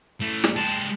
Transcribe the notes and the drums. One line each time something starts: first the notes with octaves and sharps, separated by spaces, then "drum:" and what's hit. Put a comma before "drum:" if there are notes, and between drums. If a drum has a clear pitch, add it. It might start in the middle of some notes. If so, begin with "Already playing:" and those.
E3 A3
drum: snare
G#3 G4 A5